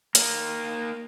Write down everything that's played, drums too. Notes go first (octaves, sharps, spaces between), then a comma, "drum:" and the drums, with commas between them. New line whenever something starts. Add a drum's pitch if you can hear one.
A#3 D#4, drum: hi-hat